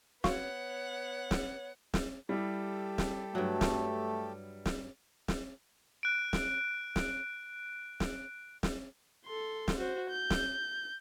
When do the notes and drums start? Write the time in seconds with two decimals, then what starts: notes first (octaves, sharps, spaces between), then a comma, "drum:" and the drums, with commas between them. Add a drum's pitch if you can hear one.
0.24 B3 F#4 C#5 F5 F#5 C6, drum: snare
1.31 drum: snare
1.94 drum: snare
2.29 G3 E4 G4 A4
2.98 drum: snare
3.35 G2 F#3 A3
3.61 drum: snare
4.66 drum: snare
5.28 drum: snare
6.03 F#6 D7
6.33 drum: snare
6.96 drum: snare
8.00 drum: snare
8.63 drum: snare
9.26 A4 C6
9.68 drum: snare
9.77 F#4 C5
10.11 G6
10.30 drum: snare